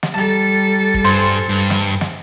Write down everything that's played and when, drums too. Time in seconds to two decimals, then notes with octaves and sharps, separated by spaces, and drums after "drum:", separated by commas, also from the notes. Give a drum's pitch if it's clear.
0.03 drum: snare
0.14 G3 A4 A5 A#5
0.94 drum: kick
1.04 G2 C5 G#5
1.49 G2
1.70 drum: snare
2.01 drum: snare